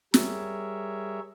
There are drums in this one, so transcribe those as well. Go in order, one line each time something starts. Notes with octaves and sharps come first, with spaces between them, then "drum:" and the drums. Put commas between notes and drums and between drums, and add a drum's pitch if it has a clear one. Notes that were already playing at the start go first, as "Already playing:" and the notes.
G3 G#4 A#4 C#5 E5, drum: snare